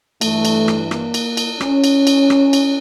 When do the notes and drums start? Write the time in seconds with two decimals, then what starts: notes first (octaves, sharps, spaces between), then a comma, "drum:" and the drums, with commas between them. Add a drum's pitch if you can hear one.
0.21 G2 E3 A3, drum: cymbal
0.45 drum: cymbal
0.68 drum: rim click
0.91 A#3, drum: rim click
1.14 drum: cymbal
1.37 drum: cymbal
1.60 C#4, drum: rim click
1.84 drum: cymbal
2.07 drum: cymbal
2.30 drum: rim click
2.53 drum: cymbal